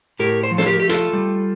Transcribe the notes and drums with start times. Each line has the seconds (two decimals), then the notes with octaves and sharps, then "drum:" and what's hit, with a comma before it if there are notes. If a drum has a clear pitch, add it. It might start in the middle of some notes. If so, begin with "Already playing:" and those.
0.19 A2 G4 A#4
0.43 C5
0.51 F3
0.58 A4 C5, drum: snare
0.67 G4 A#4
0.80 A3 G4
0.89 F4 A4, drum: hi-hat
1.13 G3